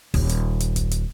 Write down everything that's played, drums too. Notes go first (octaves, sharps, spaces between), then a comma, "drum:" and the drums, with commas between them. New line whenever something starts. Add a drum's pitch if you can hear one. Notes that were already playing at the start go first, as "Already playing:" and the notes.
D#1, drum: kick, open hi-hat
drum: hi-hat
drum: hi-hat
drum: kick, hi-hat
drum: hi-hat